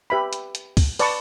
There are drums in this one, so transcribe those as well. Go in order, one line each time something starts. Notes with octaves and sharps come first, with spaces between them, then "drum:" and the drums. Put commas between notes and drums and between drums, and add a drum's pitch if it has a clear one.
G4 B4 E5 B5
drum: hi-hat
drum: hi-hat
drum: kick, open hi-hat
B4 D5 A5 C#6, drum: open hi-hat